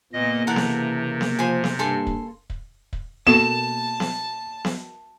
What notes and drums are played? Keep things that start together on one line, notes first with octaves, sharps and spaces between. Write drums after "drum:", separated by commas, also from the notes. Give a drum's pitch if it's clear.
A#2 C#3 A#3 B3 D#5
C3 E3 A4 A#4 F#5
drum: snare B3
drum: snare B3
F3 C5 G#5
drum: snare B3
G2 A4 G#5 C6
drum: kick
drum: kick
drum: kick
B2 A#3 B3 F#4 A4 A5 E7
drum: snare B3
drum: snare B3